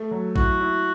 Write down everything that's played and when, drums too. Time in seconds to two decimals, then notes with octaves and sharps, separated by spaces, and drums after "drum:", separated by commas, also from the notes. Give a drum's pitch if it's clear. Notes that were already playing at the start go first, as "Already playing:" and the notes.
Already playing: A3
0.11 F#3
0.36 E4 F#4, drum: kick A1
0.60 E4